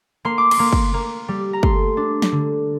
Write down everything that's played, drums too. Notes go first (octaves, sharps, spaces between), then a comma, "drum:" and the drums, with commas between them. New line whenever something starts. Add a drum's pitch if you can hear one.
A#3 C6
D6
C6, drum: cymbal
A#3
drum: kick
A#3
G3
A#5
A3 C6, drum: kick
D4
drum: snare
D3